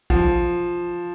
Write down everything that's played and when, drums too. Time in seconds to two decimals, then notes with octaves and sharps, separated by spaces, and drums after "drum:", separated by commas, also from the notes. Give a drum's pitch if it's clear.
0.10 F3, drum: kick A1